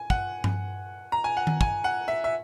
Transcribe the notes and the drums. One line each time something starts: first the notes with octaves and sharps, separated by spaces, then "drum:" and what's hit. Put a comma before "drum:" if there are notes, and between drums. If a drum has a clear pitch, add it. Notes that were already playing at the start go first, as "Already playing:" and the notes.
Already playing: G#5
F#5, drum: kick
drum: tom G2
A#5
G#5
F#5
drum: tom D#3
G#5, drum: kick
F#5
E5
E5